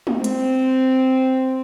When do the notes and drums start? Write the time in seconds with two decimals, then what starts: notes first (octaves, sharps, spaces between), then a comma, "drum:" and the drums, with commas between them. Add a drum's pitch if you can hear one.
0.07 drum: tom G#3
0.24 C4, drum: hi-hat